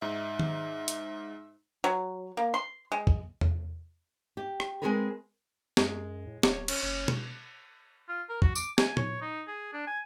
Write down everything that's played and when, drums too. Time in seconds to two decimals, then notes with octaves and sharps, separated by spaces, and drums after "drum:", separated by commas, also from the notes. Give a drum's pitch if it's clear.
0.02 G#2 D#4 E5
0.39 drum: tom D#3
0.88 drum: hi-hat
1.84 F#3
2.37 A#3
2.54 C6
2.92 G#3
3.07 drum: kick
3.41 drum: tom E2
4.37 G4
4.60 drum: rim click
4.82 G#3 A3 C4 G#4 A#4 B4
5.77 F#2 G#3, drum: snare
6.27 A2
6.43 D1 C#5 D6, drum: snare
6.68 C#4, drum: cymbal
6.83 F#1 C#4
7.08 drum: tom B2
8.08 F4
8.29 A#4
8.42 F#4, drum: kick
8.55 D6, drum: tambourine
8.78 G#5, drum: snare
8.97 C#5, drum: tom A#2
9.21 D#4
9.47 G#4
9.73 D4
9.87 G#5